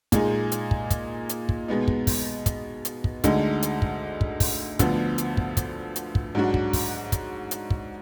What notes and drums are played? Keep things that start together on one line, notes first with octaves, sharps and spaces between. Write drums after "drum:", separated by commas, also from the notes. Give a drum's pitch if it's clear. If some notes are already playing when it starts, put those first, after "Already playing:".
A#2 G#3 D#4 G#4, drum: kick, hi-hat
drum: hi-hat
drum: kick
drum: kick, hi-hat
drum: hi-hat
drum: kick
B2 G#3 B3 D#4
drum: kick
drum: kick, open hi-hat
drum: kick, hi-hat
drum: hi-hat
drum: kick
D2 D3 G#3 D#4, drum: kick, hi-hat
drum: hi-hat
drum: kick
drum: kick
drum: kick, open hi-hat
D2 D3 F3 B3, drum: kick, hi-hat
drum: hi-hat
drum: kick
drum: kick, hi-hat
drum: hi-hat
drum: kick
G#2 F#3 D4 F#4
drum: kick
drum: kick, open hi-hat
drum: kick, hi-hat
drum: hi-hat
drum: kick